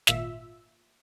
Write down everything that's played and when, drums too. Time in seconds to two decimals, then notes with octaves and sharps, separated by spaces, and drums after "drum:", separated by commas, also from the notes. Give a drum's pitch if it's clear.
0.07 G#1 A#2 F4 E5 E6, drum: snare